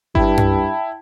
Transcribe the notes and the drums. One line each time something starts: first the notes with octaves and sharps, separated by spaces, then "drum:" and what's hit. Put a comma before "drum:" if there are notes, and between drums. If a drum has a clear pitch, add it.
G2 E4 G5 A5, drum: kick G#1
drum: tom F#2